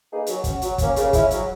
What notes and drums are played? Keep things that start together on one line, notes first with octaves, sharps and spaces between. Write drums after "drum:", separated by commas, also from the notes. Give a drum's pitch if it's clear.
A#3 D#4 G#4 B4
F#3, drum: hi-hat
C#4 F#4 C#5, drum: kick, hi-hat
F#3, drum: hi-hat
A#3 C#4, drum: kick, hi-hat
C#3, drum: hi-hat
G#3 C#4 E4, drum: kick, hi-hat
F#3, drum: hi-hat